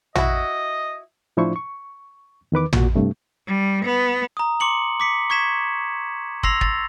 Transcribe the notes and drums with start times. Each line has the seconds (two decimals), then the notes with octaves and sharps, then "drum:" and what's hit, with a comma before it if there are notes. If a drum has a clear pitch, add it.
0.16 E4 F#4 D#5, drum: tom
1.37 A2 F3 D4 E4 C5 C#6
1.56 C#6
2.52 E2 D#3 B4 D6
2.73 A#2 F#4, drum: tom
2.95 G2 C3 A3
3.47 G3
3.85 B3
4.37 A#5 D#6
4.60 C6 D6 C#7 F#7
5.00 D6 B6 C#7
5.30 C#6 G#6 B6 E7
6.43 C6 E6 A#6 C7 F7, drum: kick
6.61 A6, drum: kick